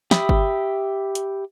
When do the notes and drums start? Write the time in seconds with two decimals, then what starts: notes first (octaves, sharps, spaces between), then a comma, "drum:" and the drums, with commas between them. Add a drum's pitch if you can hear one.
0.11 G4 E5 B5 D#6, drum: snare
0.29 drum: kick G1
1.15 drum: hi-hat